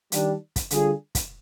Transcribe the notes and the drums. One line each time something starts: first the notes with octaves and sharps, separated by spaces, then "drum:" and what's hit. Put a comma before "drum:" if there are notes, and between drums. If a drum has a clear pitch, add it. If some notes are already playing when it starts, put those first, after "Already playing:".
D#3 G3 D4, drum: hi-hat
drum: kick, hi-hat
D3 G3 D4 F4 G#4, drum: hi-hat
drum: kick, hi-hat